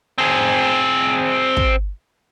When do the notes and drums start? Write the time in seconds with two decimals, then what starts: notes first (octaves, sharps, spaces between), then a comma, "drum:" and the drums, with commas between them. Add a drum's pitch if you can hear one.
0.18 C4 G#4
1.57 drum: kick